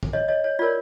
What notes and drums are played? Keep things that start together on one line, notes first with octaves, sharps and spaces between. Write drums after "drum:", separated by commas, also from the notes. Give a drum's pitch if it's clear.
drum: kick
C#5 D#5
C#5 D#5
C#5
F4 A#4 C#5 D5